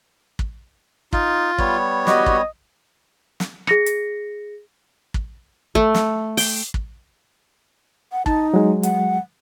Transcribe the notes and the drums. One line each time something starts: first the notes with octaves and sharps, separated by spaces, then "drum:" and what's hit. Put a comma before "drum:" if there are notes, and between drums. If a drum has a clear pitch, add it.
drum: kick
D#4 F4, drum: kick
G3 B3 C#5, drum: kick
F#4 G4 D#5, drum: snare
drum: kick
drum: snare
G#4 A#6 C#7, drum: rim click
drum: hi-hat
drum: kick
A3, drum: kick
drum: snare
G5, drum: open hi-hat
drum: kick
F#5
D#4 A5, drum: kick
F#3 G#3
F#5, drum: hi-hat